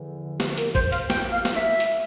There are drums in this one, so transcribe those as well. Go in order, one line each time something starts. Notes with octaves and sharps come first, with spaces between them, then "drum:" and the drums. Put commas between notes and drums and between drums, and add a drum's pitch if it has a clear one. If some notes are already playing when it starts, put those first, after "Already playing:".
Already playing: E2 D3 F3
G4, drum: snare
A#4, drum: hi-hat
C5, drum: kick, hi-hat
F5, drum: hi-hat
G5, drum: snare
F5
drum: snare
E5
drum: hi-hat